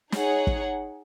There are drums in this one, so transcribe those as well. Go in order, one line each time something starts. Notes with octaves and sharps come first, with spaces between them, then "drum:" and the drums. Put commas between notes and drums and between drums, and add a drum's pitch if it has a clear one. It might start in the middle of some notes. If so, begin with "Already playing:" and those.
D#4 G#4 C#5 F#5, drum: snare
drum: kick